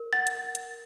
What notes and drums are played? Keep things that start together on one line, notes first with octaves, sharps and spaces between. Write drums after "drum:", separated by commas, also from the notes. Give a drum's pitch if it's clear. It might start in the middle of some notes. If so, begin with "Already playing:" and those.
Already playing: A#4
F#5 A6
drum: hi-hat
drum: hi-hat